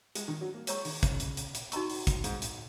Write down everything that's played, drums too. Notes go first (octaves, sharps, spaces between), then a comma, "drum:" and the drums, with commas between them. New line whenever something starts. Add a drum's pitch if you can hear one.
G#3, drum: hi-hat
D#3
F#3
A#3
G#3 G#4 C#5 A#5 C#6, drum: hi-hat
D#3, drum: open hi-hat
C#3, drum: kick, hi-hat
drum: hi-hat
drum: hi-hat
drum: hi-hat
D#4 F#4 D#5 A#5 C#6, drum: hi-hat
drum: open hi-hat
drum: kick, hi-hat
G#2, drum: hi-hat
drum: hi-hat